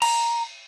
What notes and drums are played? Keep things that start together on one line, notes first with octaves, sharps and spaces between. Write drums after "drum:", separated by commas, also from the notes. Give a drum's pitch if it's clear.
A#5, drum: cymbal